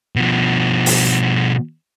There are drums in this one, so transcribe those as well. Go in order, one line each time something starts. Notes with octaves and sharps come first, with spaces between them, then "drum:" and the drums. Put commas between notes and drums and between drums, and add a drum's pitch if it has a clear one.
B2 F3
drum: open hi-hat